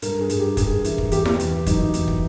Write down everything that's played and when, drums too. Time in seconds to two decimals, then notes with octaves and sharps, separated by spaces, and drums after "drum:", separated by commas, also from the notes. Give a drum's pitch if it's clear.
0.02 G2 A#4, drum: hi-hat
0.21 G#4
0.30 G2, drum: hi-hat
0.39 G4
0.57 G2 G#4, drum: kick, hi-hat
0.84 E3, drum: hi-hat
0.98 drum: kick
1.12 E2 G4, drum: hi-hat
1.25 drum: snare E4
1.39 E2, drum: hi-hat
1.66 F#3 D#4, drum: kick, hi-hat
1.94 E2, drum: hi-hat
2.08 drum: kick